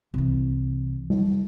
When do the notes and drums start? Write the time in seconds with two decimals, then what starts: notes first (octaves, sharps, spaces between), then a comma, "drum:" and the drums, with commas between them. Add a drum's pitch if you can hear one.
0.14 C2 E3
1.10 drum: tom G3